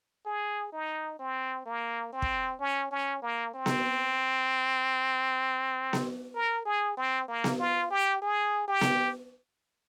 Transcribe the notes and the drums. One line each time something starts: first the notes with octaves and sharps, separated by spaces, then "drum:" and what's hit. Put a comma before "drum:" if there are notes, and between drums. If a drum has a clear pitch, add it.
G#4
D#4
C4
A#3
C4
drum: kick
C#4
C#4
A#3
C4
drum: snare B3
drum: snare B3
A#4
G#4
C4
A#3
drum: snare B3
F4
G4
G#4
G4
drum: snare B3